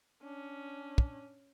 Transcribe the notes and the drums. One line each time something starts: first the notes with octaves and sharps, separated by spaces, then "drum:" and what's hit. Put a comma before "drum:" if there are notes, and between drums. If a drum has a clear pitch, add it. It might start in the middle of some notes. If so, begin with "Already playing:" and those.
C#4 D4
drum: kick